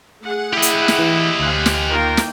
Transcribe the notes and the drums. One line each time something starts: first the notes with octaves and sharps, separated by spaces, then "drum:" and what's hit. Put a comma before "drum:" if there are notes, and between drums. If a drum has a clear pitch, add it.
A3 G#4 F#5
E4 G4 D#5
drum: hi-hat
drum: snare
E3
D2 C5 F5 G#5 F#6
drum: snare
D#3 A#3 F4 A#4 G5
drum: snare